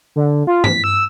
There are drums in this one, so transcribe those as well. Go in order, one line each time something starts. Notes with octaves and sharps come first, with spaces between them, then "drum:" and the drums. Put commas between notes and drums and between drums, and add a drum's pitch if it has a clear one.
D3
F4
B6, drum: tom
E6